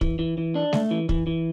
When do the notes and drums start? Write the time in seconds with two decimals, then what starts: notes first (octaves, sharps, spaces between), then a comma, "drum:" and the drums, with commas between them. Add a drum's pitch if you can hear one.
0.01 E3, drum: kick
0.19 E3
0.38 E3
0.55 D4
0.73 A3, drum: snare G#3
0.91 E3
1.09 E3, drum: kick
1.27 E3